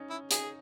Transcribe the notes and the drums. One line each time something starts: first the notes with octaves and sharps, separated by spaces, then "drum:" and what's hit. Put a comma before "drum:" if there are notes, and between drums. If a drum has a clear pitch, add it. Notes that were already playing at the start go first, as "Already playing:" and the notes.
Already playing: C#4 D#4
E4
D#4 G#4, drum: hi-hat